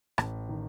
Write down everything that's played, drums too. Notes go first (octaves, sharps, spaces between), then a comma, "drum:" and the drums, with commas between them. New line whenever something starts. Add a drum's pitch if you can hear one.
A1, drum: rim click
D#3